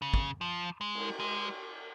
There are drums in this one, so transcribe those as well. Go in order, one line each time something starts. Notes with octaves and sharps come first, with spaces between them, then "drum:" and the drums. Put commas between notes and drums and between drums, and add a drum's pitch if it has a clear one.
C#3
drum: kick
F3
G#3
drum: cymbal
G#3